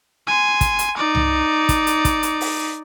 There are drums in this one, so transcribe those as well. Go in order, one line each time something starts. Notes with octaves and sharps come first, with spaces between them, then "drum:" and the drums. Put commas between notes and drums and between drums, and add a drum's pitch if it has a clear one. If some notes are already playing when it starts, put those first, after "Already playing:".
G#5 C6
drum: kick, hi-hat
drum: hi-hat
D#4 D5
drum: tom C2
drum: kick, hi-hat
drum: hi-hat
drum: kick, hi-hat
drum: hi-hat
drum: open hi-hat